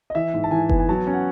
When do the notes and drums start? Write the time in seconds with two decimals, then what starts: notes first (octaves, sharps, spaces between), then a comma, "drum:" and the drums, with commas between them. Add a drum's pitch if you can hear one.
0.10 D#5
0.15 E3 E5
0.34 G#2
0.44 A5
0.51 E3 G#5
0.69 B3, drum: kick F#1
0.79 G#5
0.89 F#3 A5
1.07 C#4
1.13 F#5